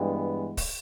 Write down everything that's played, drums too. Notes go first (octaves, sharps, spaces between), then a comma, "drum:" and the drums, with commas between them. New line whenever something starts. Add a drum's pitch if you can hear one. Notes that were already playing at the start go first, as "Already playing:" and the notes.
Already playing: G2 E3 G#3 B3
drum: kick, open hi-hat